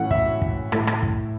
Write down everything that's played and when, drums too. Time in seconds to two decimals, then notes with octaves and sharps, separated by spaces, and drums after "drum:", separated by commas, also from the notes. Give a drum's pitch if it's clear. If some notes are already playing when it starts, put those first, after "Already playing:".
Already playing: A2 E3 C#4 F#5
0.11 E5, drum: kick
0.42 drum: kick
0.72 A2 A3 E4, drum: rim click
0.87 drum: rim click
1.03 drum: kick